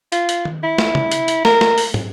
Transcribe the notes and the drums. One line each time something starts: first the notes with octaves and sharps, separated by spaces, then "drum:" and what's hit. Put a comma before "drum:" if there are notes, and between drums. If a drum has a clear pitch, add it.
F4, drum: hi-hat
drum: hi-hat
drum: tom D#3
E4
drum: snare
drum: tom C3
drum: hi-hat
drum: hi-hat
A#4, drum: snare
drum: snare
drum: open hi-hat
drum: tom